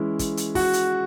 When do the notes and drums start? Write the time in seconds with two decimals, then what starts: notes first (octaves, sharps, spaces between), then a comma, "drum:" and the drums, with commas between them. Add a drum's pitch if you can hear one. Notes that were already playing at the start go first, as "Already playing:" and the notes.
Already playing: E3 G#3 C#4 E4
0.19 drum: kick, hi-hat
0.37 drum: hi-hat
0.55 F#4, drum: kick, open hi-hat
0.73 drum: hi-hat